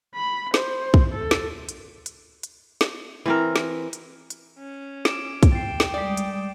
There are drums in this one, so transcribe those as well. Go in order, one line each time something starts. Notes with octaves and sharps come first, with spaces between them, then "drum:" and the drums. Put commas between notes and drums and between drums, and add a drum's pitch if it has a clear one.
B5
C5, drum: snare
drum: kick
A4
drum: snare
drum: hi-hat
drum: hi-hat
drum: hi-hat
drum: snare
E3 C4 A#4
drum: snare
drum: hi-hat
drum: hi-hat
C#4
D6 D7 E7, drum: snare
drum: kick, hi-hat
G5 A6 C7
drum: snare
G3 G#3 D5 D#6
drum: hi-hat